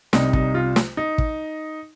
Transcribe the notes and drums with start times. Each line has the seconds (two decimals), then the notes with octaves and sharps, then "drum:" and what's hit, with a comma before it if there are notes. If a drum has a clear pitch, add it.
0.13 C2 C3 G3 D#4, drum: snare
0.33 D#4, drum: kick
0.55 F4
0.76 drum: snare
0.97 D#4
1.18 drum: kick